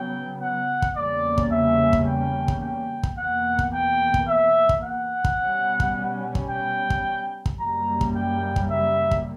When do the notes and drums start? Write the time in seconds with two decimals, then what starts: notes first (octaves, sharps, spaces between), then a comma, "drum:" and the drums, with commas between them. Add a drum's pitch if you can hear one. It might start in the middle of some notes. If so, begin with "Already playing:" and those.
Already playing: C#3 F#3 B3 G5
0.41 F#5
0.82 drum: kick
0.96 E2 C#3 G3 A#3 C#4 D5
1.38 drum: kick
1.51 E5
1.93 drum: kick
2.06 G5
2.48 drum: kick
2.62 G5
3.03 drum: kick
3.17 E2 B2 A#3 F#5
3.59 drum: kick
3.73 G5
4.14 drum: kick
4.28 E5
4.69 drum: kick
4.83 F#5
5.25 drum: kick
5.38 B2 G3 C#4
5.80 drum: kick
6.35 drum: kick
6.49 G5
6.90 drum: kick
7.46 drum: kick
7.59 F#2 C#3 G3 A#3 A#5
8.01 drum: kick
8.15 G5
8.56 drum: kick
8.70 E5
9.11 drum: kick